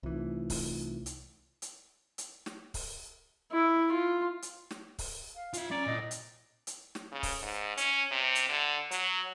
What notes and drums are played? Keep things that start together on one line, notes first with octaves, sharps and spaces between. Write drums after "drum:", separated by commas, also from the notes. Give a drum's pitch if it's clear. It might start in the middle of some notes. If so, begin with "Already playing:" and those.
C2 E3 A3 D#4 F4
drum: kick, open hi-hat
drum: hi-hat
drum: hi-hat
drum: hi-hat
drum: snare
drum: kick, open hi-hat
E4
F4
drum: hi-hat
drum: snare
drum: kick, open hi-hat
F5
F4 E5, drum: hi-hat
C#4 D5 A#5
A#2 E4 D#5
drum: hi-hat
drum: hi-hat
drum: snare
C#3
drum: kick, open hi-hat
G#2
C#4, drum: hi-hat
C3
drum: hi-hat
D3
F#3, drum: hi-hat